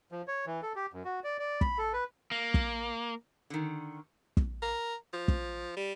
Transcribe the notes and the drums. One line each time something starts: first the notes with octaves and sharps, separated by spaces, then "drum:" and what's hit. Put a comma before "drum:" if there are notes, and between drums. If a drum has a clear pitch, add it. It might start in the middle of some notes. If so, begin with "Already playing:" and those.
F3
C#5
E3
A4
G4
F#2
F#4
D5
D5
B5, drum: kick
A4
B4
A#3
drum: kick
D3 D#3
drum: kick
A#4
F3
drum: kick
G3